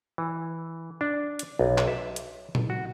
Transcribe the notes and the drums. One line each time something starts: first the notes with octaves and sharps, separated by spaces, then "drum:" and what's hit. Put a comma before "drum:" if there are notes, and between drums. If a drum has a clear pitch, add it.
E3
D4
drum: hi-hat
B1
drum: clap
E5
drum: hi-hat
drum: tom A#2
F#4